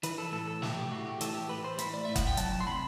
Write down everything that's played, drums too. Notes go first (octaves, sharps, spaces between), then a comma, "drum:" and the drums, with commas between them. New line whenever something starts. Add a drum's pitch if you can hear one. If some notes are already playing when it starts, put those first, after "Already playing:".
E3 B4, drum: hi-hat
A4
A2 A4
A4
A3 G4, drum: snare
G4
A2 F#4
G4
E3 A4, drum: hi-hat
G4
A2 B4
C5
A3 B5, drum: hi-hat
D5
A2 E5
F#5, drum: kick F#1, hi-hat
G5
F#3 A5, drum: hi-hat
A5
C6
C3 B5